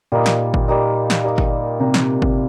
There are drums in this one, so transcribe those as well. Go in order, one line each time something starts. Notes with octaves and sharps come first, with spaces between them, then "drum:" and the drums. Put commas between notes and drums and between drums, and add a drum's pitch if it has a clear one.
A#2 G3 A#3 D#4
drum: snare
drum: kick G1
G3 A#3 D#4
drum: snare
G3 A#3 D#4
drum: kick G1
C3 G3 A#3 D#4
drum: snare
drum: kick G1